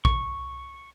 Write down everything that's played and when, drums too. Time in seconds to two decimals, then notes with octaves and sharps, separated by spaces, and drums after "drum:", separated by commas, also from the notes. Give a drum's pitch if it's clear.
0.05 C#6, drum: kick A#1